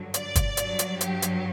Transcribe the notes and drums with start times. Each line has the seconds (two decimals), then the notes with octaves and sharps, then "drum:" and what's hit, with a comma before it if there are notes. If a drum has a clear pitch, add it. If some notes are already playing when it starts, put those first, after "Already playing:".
Already playing: G2 D3 F#3
0.14 D5, drum: hi-hat
0.35 drum: kick, hi-hat
0.57 G2 F#3, drum: hi-hat
0.79 drum: hi-hat
1.01 G4, drum: hi-hat
1.22 drum: hi-hat